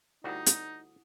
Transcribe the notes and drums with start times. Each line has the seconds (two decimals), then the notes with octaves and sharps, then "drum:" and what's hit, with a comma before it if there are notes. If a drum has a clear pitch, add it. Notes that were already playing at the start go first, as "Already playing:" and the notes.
0.24 D2 G3 D#4 E4 F#4 F#5 D#6
0.46 drum: hi-hat